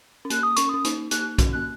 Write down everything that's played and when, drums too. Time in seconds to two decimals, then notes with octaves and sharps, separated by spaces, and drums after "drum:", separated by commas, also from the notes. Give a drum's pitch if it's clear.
0.25 C#4
0.30 A#3 F#6, drum: hi-hat
0.43 D#6
0.56 C#4 C#6, drum: hi-hat
0.69 C#4 D#6
0.85 A#3 D#4, drum: hi-hat
1.11 A#3 D#4 F#6, drum: hi-hat
1.38 C#4 F#4, drum: kick B1, hi-hat
1.53 A#3 F#6